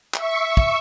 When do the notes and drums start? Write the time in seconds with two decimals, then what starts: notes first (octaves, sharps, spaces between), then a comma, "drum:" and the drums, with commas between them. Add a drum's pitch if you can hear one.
0.14 E5 C#6, drum: clap
0.57 drum: kick